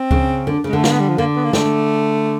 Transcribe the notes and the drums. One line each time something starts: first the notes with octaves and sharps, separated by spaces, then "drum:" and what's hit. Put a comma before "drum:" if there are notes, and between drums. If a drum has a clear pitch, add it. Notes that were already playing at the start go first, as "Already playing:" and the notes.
Already playing: C4
C#3, drum: kick C#2
D3
C#3
G#3
D3 A3
A#3, drum: snare
B3
G3
F3
D3 A#3
B3
A#3
D3 A3, drum: snare